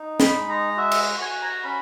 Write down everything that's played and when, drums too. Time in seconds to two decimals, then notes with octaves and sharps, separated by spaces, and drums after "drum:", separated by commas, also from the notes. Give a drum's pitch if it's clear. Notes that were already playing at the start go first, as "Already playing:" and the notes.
Already playing: D#4
0.20 B5, drum: snare
0.35 G#3
0.49 A#5
0.77 F#4 E5
0.92 drum: cymbal
1.21 F#4 G#5
1.42 A#5
1.64 C#4 B5